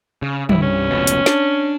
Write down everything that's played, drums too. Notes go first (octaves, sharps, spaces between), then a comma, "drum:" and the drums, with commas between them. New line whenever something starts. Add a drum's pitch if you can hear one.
C#3
C2 G2 G3 E4, drum: tom
C#4
F1 C#2 B2
drum: hi-hat
D4, drum: snare